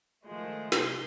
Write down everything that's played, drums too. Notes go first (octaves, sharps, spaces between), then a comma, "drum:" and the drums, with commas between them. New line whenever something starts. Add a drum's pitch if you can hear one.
D#3 F3 G#3 A3
C3 C6 G6, drum: snare